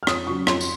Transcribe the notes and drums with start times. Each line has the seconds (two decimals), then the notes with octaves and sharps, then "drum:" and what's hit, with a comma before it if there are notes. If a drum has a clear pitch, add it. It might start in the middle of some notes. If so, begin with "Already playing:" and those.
0.03 F6
0.07 F2 D#6, drum: rim click
0.27 C#3 F#3 C#4 C#6
0.47 F2 C6, drum: rim click
0.61 drum: tambourine